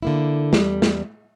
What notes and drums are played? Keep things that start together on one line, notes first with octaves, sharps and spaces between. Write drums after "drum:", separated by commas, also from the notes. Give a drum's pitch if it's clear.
D3 A#3 E4
E2 G3, drum: snare
drum: snare